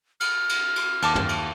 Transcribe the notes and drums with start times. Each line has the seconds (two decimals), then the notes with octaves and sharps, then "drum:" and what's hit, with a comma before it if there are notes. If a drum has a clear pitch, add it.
0.20 F6, drum: cymbal
0.49 drum: cymbal
0.76 drum: cymbal
1.02 D#2 A5 D6, drum: cymbal
1.15 drum: tom
1.29 drum: cymbal